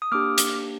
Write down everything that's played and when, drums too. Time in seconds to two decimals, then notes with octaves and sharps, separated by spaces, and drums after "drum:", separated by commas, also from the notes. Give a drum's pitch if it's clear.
0.02 D#6
0.12 A#3 D4 G4 D6 F6
0.38 drum: hi-hat